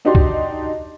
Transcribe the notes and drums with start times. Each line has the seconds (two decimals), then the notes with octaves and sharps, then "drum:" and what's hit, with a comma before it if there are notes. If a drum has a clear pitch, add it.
0.05 D4 D#4 F#4 G4 D5 C6
0.15 drum: kick C2